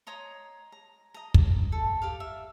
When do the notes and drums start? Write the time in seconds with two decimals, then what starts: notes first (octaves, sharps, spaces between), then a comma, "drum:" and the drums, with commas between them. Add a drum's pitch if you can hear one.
0.07 C#5 D#5 A#5 C6
0.72 A#5
1.14 D#5 A#5
1.34 drum: kick
1.72 A4
2.02 G4 D5 F5
2.20 E5